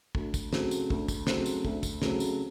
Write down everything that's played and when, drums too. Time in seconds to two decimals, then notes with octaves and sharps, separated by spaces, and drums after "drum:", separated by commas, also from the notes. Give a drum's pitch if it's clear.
0.15 D2, drum: kick
0.34 drum: kick, tambourine
0.53 C#3 F#3 A3 C4, drum: snare
0.71 drum: tambourine
0.90 D2, drum: kick
1.08 drum: kick, tambourine
1.27 C#3 F#3 A3 C4, drum: snare
1.46 drum: tambourine
1.65 D2, drum: kick
1.83 drum: kick, tambourine
2.02 C#3 F#3 A3 C4, drum: snare
2.20 drum: tambourine